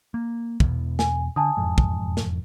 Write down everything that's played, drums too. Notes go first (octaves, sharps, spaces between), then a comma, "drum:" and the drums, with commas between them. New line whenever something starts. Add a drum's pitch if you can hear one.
A#3
E2 B2 B3, drum: kick
G#5, drum: snare
D3 G#5 A5 D#6
E1 F2 G#2
drum: kick
drum: snare